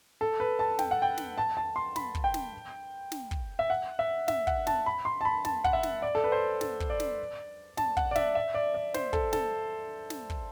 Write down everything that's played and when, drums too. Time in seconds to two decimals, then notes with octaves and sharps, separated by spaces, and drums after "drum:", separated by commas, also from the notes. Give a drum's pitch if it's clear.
0.21 A4
0.40 B4
0.59 A5
0.79 G5, drum: snare
0.91 F#5
1.02 G5
1.18 drum: snare
1.38 A5
1.57 A5
1.76 C6
1.96 B5, drum: snare
2.15 drum: kick
2.24 G5
2.34 drum: snare
3.12 drum: snare
3.31 drum: kick
3.59 E5
3.70 F#5
3.99 E5
4.28 E5, drum: snare
4.47 F#5, drum: kick
4.67 A5, drum: snare
4.86 B5
5.05 C6
5.21 A5
5.25 B5
5.45 A5, drum: snare
5.64 F#5, drum: kick
5.73 E5
5.83 drum: snare
6.02 D5
6.15 A4
6.24 B4
6.32 C5
6.61 A4, drum: snare
6.80 drum: kick
6.90 D5
7.00 drum: snare
7.77 A5, drum: snare
7.97 F#5, drum: kick
8.11 D5
8.16 E5, drum: snare
8.35 E5
8.54 D5
8.74 D5
8.94 C5, drum: snare
9.13 A4, drum: kick
9.33 A4, drum: snare
10.10 drum: snare
10.30 drum: kick